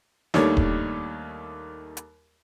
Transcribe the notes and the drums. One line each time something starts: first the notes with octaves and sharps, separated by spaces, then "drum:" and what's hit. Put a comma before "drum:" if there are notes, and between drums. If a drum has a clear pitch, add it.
D#2 D#3 G3 A3 D4 C#5, drum: snare
drum: kick D#1
drum: hi-hat